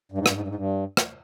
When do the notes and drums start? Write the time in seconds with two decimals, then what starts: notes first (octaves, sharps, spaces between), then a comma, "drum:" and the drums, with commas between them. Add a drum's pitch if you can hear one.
0.12 G2
0.18 G#2
0.26 G2, drum: rim click
0.34 G#2
0.41 G2
0.48 G#2
0.55 G2
0.97 drum: rim click